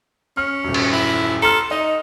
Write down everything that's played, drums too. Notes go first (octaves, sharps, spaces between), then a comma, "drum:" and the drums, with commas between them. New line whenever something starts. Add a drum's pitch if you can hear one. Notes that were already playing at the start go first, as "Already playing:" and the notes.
C#4 F6
D#1 F#2
drum: cymbal
E4
A4 A#5 C6 F6
D#4 D#5